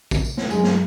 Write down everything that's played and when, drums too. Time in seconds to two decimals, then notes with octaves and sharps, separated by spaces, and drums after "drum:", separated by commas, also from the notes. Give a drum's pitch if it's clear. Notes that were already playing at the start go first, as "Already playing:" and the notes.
0.11 drum: kick A1, tambourine
0.24 drum: tambourine
0.37 drum: snare
0.50 G2 F#3 G#3 G#5, drum: tambourine
0.63 drum: snare